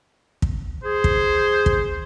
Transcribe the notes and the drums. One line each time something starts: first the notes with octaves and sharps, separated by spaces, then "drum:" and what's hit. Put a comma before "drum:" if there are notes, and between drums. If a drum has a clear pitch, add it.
drum: kick
G#4 C5
drum: kick
drum: kick